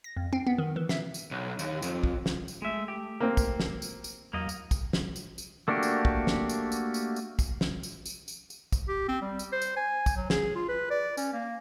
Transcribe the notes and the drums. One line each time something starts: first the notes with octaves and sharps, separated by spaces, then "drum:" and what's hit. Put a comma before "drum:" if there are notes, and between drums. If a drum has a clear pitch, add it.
A#6
F2
C4
B3
D#3
E3
E5, drum: snare
drum: tambourine
B1
D#2, drum: tambourine
F2, drum: tambourine
drum: kick
drum: snare
drum: tambourine
G#3 A3 E5
G4
A#3 C4
drum: kick, tambourine
drum: snare
drum: tambourine
drum: tambourine
E2 F#3 A#3 D#5 F5
drum: tambourine
drum: kick, tambourine
drum: snare
drum: tambourine
drum: tambourine
A3 A#3 D4 F#4 G4
drum: tambourine
drum: kick
drum: snare
drum: tambourine
drum: tambourine
drum: tambourine
drum: tambourine
drum: kick, tambourine
drum: snare
drum: tambourine
drum: tambourine
drum: tambourine
drum: tambourine
drum: kick, tambourine
G4
C4
G3
drum: tambourine
C5
drum: tambourine
G#5
drum: kick, tambourine
F#3
G#4, drum: snare
F4
B4
D5
C#4, drum: tambourine
A#3